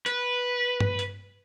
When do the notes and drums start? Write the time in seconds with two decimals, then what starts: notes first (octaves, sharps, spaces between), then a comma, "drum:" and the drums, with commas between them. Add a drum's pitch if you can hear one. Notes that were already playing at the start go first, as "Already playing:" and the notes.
0.06 B4, drum: hi-hat
0.80 drum: tom
0.99 drum: hi-hat